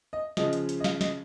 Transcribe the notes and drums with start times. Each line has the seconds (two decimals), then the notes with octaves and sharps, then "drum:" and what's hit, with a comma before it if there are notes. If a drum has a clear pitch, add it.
0.13 D#5
0.37 C#3 F3 G#3 D#5, drum: snare
0.53 drum: hi-hat
0.69 drum: hi-hat
0.80 D#5
0.84 F5, drum: snare
1.01 D#5, drum: snare